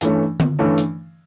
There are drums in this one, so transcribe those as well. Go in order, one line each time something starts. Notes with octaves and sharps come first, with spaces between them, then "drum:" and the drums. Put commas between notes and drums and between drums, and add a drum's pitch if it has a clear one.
G2 E3 A3 C#4, drum: hi-hat
drum: tom D3
G2 E3 A3 C#4
drum: hi-hat